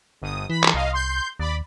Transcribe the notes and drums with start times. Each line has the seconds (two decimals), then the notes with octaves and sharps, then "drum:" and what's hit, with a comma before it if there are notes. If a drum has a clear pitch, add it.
0.22 G1 D#6
0.50 E3 B5 B6
0.64 drum: clap
0.74 C2 D#5 F5
0.93 C6 G6
1.39 D#2 D5 B5